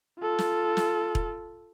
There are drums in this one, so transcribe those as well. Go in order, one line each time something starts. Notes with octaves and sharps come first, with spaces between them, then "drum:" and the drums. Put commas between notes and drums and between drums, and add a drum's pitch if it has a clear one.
F4 A4
drum: snare
drum: snare
drum: kick E1